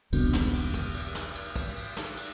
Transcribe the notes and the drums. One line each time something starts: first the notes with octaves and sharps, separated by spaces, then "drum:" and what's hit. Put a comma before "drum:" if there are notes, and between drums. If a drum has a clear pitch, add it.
E1 C2 B2 D3, drum: cymbal
drum: snare
drum: cymbal
drum: kick, cymbal
drum: cymbal
drum: snare
drum: cymbal
drum: kick, cymbal
drum: cymbal
drum: snare
drum: cymbal